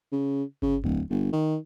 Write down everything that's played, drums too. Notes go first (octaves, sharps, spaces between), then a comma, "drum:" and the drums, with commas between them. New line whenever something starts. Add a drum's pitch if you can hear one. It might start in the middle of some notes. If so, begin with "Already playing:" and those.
C#3
C#3, drum: kick G1
D1, drum: tom E2
G1
D#3